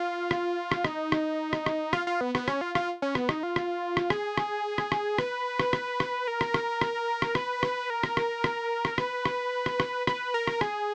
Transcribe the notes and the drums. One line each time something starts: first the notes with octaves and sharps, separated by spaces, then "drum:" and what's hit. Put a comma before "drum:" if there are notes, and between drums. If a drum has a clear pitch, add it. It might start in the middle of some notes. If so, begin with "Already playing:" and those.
Already playing: F4
drum: rim click
drum: rim click
D#4, drum: rim click
drum: rim click
drum: rim click
drum: rim click
F4, drum: rim click
F4
B3
B3, drum: rim click
C#4, drum: rim click
F4
F4, drum: rim click
C#4
B3, drum: rim click
D#4, drum: rim click
F4
drum: rim click
drum: rim click
G#4, drum: rim click
drum: rim click
drum: rim click
drum: rim click
B4, drum: rim click
drum: rim click
drum: rim click
drum: rim click
A#4
drum: rim click
drum: rim click
drum: rim click
drum: rim click
B4, drum: rim click
drum: rim click
A#4
drum: rim click
drum: rim click
drum: rim click
drum: rim click
B4, drum: rim click
drum: rim click
drum: rim click
drum: rim click
B4, drum: rim click
A#4
drum: rim click
G#4, drum: rim click